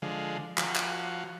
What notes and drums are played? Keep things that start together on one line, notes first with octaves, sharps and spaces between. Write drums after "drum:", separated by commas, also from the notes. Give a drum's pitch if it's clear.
D3 F3 G#3
F3 F#4, drum: clap
drum: clap